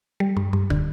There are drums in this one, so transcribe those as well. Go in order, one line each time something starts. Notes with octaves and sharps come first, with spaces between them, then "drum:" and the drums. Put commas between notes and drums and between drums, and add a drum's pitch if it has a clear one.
G3
G2
G2
D3, drum: kick